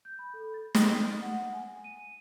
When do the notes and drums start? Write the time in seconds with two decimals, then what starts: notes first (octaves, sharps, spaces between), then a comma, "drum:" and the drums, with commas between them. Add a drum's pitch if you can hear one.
0.05 G6
0.19 B5
0.34 A4
0.54 A6
0.75 D#6, drum: snare
1.22 F#5
1.53 G#5
1.84 D#7